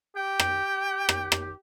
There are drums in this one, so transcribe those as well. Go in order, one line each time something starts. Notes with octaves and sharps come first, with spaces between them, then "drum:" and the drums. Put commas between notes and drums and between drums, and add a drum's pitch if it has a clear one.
G4 G5
drum: rim click
drum: rim click
drum: rim click